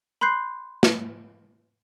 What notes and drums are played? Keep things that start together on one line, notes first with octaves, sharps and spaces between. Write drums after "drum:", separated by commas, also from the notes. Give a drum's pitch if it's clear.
B5 C6 F#6 G6 C7
drum: snare